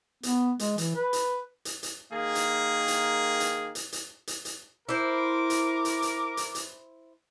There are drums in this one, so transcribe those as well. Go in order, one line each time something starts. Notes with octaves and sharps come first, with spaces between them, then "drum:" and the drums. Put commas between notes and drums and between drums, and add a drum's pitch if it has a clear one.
B3, drum: hi-hat
G#3, drum: hi-hat
E3, drum: hi-hat
B4
drum: hi-hat
drum: hi-hat
drum: hi-hat
D#3 A#3 G#4
drum: hi-hat
drum: hi-hat
drum: hi-hat
drum: hi-hat
drum: hi-hat
drum: hi-hat
drum: hi-hat
E4 A#4 C5 D6
drum: hi-hat
drum: hi-hat
drum: hi-hat
drum: hi-hat
drum: hi-hat